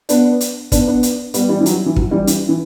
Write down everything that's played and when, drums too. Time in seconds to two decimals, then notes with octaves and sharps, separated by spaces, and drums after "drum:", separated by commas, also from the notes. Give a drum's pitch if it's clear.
0.09 B3 D4, drum: hi-hat
0.41 drum: hi-hat
0.72 B3 D4, drum: kick, hi-hat
0.87 B3 D4
1.03 drum: hi-hat
1.34 G3 B3, drum: hi-hat
1.49 E3 G3
1.60 E3
1.66 F#3, drum: hi-hat
1.86 E3
1.96 F#3, drum: kick
2.11 E3 G3
2.27 E3, drum: hi-hat
2.49 E3